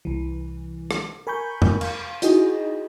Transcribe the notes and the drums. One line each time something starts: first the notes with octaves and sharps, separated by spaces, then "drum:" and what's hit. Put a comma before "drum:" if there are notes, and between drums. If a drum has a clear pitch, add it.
C2 E3
drum: rim click
A#4 G#5 B5 C#6 G6
drum: tom E2
F5, drum: cymbal
D#4 E4 F#4 G#4 D#5, drum: hi-hat